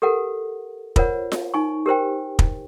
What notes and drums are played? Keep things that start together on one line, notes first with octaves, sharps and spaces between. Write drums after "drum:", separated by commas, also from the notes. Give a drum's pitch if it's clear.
G4 A4 A#4 F#5
F4 A#4 C5 C#5 F#5, drum: kick
drum: snare F4
D#4 G#5 C#6
G4 A#4 C5 G5
drum: kick